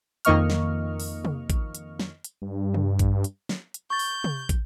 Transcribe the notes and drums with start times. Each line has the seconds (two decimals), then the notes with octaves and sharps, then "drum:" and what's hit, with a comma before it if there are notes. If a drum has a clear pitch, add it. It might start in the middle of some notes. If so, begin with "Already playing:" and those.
0.25 F2 D#3 A#3 D#5 C#6 F6, drum: hi-hat
0.50 drum: snare
1.00 drum: open hi-hat
1.25 drum: tom C3
1.50 drum: kick, hi-hat
1.75 drum: hi-hat
2.00 drum: snare
2.24 drum: hi-hat
2.42 G2
2.74 drum: tom C3
2.99 drum: kick, hi-hat
3.24 drum: hi-hat
3.49 drum: snare
3.74 drum: hi-hat
3.90 C#6 G6 A6
3.99 drum: open hi-hat
4.24 drum: tom C3
4.49 drum: kick, hi-hat